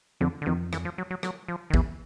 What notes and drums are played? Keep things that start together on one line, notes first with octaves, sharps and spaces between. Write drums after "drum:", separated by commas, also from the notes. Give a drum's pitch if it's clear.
F2 D3
D3
F2 D#3
E3, drum: rim click
F3
F#3
F#3
F#3, drum: rim click
F3
D#3
E2 E3, drum: kick